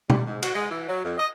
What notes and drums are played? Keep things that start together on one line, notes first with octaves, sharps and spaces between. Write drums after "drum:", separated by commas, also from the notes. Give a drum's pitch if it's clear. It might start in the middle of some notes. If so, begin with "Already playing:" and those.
G3, drum: tom B2
G#2
F#4, drum: cymbal
G#3
E3
F#3
F2
D#5